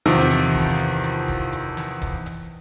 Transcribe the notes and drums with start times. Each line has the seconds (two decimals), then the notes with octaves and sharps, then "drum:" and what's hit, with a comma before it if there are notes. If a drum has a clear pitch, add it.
0.06 E2 C3 D#3 F3, drum: hi-hat
0.30 drum: snare
0.55 drum: kick D1, open hi-hat
0.79 drum: hi-hat
1.04 drum: hi-hat
1.28 drum: kick D1, open hi-hat
1.53 drum: hi-hat
1.77 drum: snare
2.02 drum: kick D1, hi-hat
2.26 drum: hi-hat